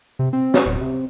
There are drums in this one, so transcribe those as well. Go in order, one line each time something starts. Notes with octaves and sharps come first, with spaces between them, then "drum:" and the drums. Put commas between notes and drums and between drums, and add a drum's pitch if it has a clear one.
C3
C4
C#4, drum: snare
D1
C3